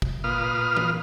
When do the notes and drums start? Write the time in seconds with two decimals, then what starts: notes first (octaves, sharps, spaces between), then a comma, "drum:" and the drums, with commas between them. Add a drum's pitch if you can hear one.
0.02 drum: kick
0.24 A#2 B4 F5 D#6 F6
0.77 drum: tom E3